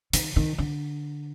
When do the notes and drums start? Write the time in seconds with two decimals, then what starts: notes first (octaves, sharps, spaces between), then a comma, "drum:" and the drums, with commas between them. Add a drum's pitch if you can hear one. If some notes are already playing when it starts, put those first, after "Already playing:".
0.13 D#3, drum: hi-hat
0.36 D#3
0.58 D3